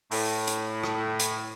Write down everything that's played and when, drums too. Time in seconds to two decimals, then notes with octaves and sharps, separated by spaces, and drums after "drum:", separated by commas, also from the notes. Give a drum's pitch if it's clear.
0.11 A2, drum: open hi-hat
0.47 drum: hi-hat
0.83 drum: rim click
1.19 drum: hi-hat